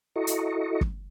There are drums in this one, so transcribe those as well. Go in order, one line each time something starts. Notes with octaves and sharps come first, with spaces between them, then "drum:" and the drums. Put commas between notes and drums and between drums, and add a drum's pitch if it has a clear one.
E4 F#4 A4 D#5 A#5 C#6
drum: hi-hat
drum: kick